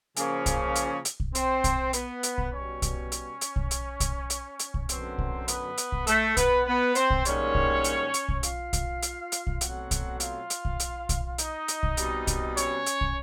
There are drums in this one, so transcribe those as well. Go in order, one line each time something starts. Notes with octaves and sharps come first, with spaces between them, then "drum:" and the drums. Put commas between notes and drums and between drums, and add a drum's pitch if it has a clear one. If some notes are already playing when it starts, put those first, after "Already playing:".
C#3 F3 A#3 C#4, drum: hi-hat
drum: kick, hi-hat
drum: hi-hat
drum: hi-hat
drum: kick
C4 C5, drum: hi-hat
drum: kick, hi-hat
B3 B4, drum: hi-hat
drum: hi-hat
drum: kick
B2 G3 B3 C#4 C#5
drum: kick, hi-hat
drum: hi-hat
drum: hi-hat
drum: kick
drum: hi-hat
drum: kick, hi-hat
drum: hi-hat
drum: hi-hat
drum: kick
F#2 D3 F#3 B3 C4 C5, drum: hi-hat
drum: kick
B3 B4, drum: hi-hat
drum: hi-hat
drum: kick
A3 A4, drum: hi-hat
B3 B4, drum: kick, hi-hat
B3 B4
C4 C5, drum: hi-hat
drum: kick
G#2 D#3 G3 A#3 C#4 D4 C#5, drum: hi-hat
drum: kick
drum: hi-hat
drum: hi-hat
drum: kick
F4 F5, drum: hi-hat
drum: kick, hi-hat
drum: hi-hat
drum: hi-hat
drum: kick
B2 F#3 A3 C4 F#4 F#5, drum: hi-hat
drum: kick, hi-hat
F4 F5, drum: hi-hat
drum: hi-hat
drum: kick
drum: hi-hat
drum: kick, hi-hat
D#4 D#5, drum: hi-hat
drum: hi-hat
drum: kick
B2 G3 C4, drum: hi-hat
drum: kick, hi-hat
C#4 C#5, drum: hi-hat
drum: hi-hat
drum: kick